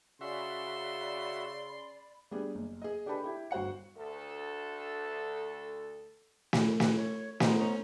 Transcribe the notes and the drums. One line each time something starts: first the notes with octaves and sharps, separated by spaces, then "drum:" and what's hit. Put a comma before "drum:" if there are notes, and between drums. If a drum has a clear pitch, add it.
C#3 F#4 D5 E5 B5 C6
G3 B3 D4 G#4
F#1
G#4 D#5
D4 G4 A4 B4 A5 B5
E4 G4
G1 F#4 C5 F#5 C#7
D2 A4
drum: snare
B4, drum: snare
C#5
B3 C5 D#5 A#5, drum: snare
C#4